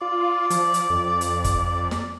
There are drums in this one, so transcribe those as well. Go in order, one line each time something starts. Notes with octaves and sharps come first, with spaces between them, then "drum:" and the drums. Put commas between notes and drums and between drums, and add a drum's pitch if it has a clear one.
F4 D5
F3, drum: hi-hat
drum: hi-hat
F2
drum: hi-hat
drum: kick, hi-hat
drum: snare